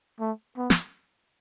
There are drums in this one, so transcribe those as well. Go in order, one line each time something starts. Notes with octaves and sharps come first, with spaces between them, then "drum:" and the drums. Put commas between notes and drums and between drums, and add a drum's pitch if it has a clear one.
A3
B3
drum: snare